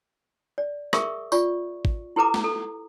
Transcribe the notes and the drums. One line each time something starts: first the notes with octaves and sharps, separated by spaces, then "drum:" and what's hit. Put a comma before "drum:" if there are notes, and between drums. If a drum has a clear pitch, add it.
D5
G#4 A#4 E5 C#6 D#6, drum: rim click
F4 D5 C#6, drum: tambourine
drum: kick G#1
E4 G4 A4 B4 A#5 D6
drum: snare
A4